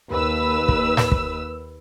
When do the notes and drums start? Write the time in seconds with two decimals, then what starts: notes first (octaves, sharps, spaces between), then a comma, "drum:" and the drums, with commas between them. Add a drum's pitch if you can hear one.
0.11 D#2 B4 E6
0.69 drum: kick
0.97 drum: snare
1.12 drum: kick